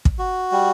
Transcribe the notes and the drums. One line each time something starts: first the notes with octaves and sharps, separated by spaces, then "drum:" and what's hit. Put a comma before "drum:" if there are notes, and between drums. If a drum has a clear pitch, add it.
drum: kick
F#4
G3